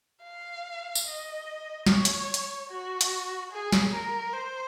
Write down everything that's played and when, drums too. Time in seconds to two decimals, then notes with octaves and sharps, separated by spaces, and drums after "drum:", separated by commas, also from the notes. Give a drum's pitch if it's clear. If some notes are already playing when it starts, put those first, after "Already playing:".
0.23 F5
0.95 drum: tambourine
1.05 D#5
1.86 C#5, drum: snare
2.05 drum: hi-hat
2.34 drum: hi-hat
2.69 F#4
3.01 drum: hi-hat
3.52 G#4
3.72 drum: snare
3.93 A#4
4.33 C5